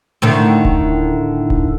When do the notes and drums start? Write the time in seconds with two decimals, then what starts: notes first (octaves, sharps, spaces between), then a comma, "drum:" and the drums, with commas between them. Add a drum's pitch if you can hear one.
0.22 A2 D3 D#3
0.65 drum: kick D1
1.50 drum: kick D1